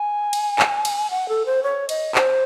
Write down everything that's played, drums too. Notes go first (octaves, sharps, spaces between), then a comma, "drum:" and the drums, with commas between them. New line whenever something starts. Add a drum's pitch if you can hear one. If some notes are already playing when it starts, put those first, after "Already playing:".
Already playing: G#5
drum: cymbal
drum: clap
drum: cymbal
F#5
A4
C5
C#5
D#5, drum: cymbal
C5, drum: clap